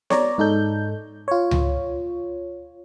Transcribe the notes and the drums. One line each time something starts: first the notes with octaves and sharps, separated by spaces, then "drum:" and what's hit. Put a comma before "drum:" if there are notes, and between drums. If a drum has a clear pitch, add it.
C#5 D5 A#5, drum: snare B3
G#2 D#4 A4 G6
F4 C#5
drum: tom C#2